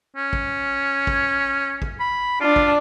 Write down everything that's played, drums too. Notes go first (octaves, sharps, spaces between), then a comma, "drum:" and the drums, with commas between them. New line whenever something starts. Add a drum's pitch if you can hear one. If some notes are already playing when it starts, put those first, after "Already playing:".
C#4
drum: kick
drum: kick
drum: kick
B5
D4 F4
drum: kick